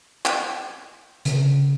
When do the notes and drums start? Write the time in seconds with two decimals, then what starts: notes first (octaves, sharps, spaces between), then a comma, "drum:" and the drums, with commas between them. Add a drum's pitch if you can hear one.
0.25 drum: clap
1.25 C#3, drum: hi-hat